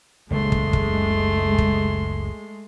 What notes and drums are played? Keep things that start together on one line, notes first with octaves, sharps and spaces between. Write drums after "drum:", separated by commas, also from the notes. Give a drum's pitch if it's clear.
F#1 C#2 F#2 G#3 A3 C6
drum: kick
drum: kick
drum: kick